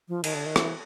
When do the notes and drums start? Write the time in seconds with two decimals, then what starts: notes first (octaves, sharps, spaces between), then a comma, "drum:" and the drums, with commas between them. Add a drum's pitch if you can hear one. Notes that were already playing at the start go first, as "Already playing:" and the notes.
0.08 F3
0.24 D#3, drum: cymbal
0.34 D3
0.46 D#3
0.56 E3, drum: rim click